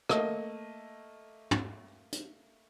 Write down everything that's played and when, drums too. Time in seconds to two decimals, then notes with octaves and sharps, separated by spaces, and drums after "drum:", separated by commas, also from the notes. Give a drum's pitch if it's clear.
0.09 A3 A#3 D#5, drum: rim click
1.51 drum: tom
2.12 drum: hi-hat